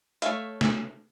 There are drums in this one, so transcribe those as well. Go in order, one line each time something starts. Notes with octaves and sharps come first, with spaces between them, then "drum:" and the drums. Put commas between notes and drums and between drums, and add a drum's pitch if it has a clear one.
A3 C#5 E5 F5, drum: hi-hat
drum: snare